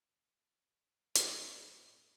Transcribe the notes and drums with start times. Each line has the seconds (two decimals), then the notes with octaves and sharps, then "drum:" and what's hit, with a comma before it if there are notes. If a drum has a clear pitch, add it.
1.15 A2, drum: hi-hat